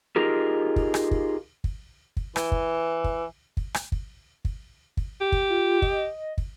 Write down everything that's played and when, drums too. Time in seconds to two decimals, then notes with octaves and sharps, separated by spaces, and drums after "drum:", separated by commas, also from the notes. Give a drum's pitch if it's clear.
0.16 D#4 F4 G4 G#4 A#4
0.76 drum: kick
0.94 drum: rim click
1.11 drum: kick
1.64 drum: kick
2.17 drum: kick
2.36 E3, drum: rim click
2.52 drum: kick
3.04 drum: kick
3.57 drum: kick
3.74 drum: rim click
3.92 drum: kick
4.45 drum: kick
4.97 drum: kick
5.21 G4
5.32 drum: kick
5.50 F4
5.82 D#5, drum: kick
6.38 drum: kick